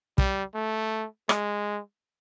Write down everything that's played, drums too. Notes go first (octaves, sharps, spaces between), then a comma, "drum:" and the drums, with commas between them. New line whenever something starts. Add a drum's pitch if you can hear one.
G3, drum: kick
A3
G#3, drum: rim click